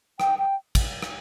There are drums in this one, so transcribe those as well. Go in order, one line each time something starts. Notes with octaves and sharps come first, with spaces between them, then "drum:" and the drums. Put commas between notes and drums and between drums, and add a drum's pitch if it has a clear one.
G5, drum: rim click
G5
drum: kick, cymbal
drum: rim click